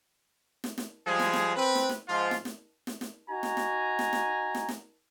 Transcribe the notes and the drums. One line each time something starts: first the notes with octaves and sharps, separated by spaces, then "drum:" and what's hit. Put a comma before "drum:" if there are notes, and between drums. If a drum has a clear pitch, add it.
drum: snare
drum: snare
F3 G3 G#3 G#4
drum: snare
drum: snare
C4 B4
drum: snare
drum: snare
G#2 F3 F4
drum: snare
drum: snare
drum: snare
drum: snare
D#4 F#4 G#5 A#5
drum: snare
drum: snare
drum: snare
drum: snare
drum: snare
drum: snare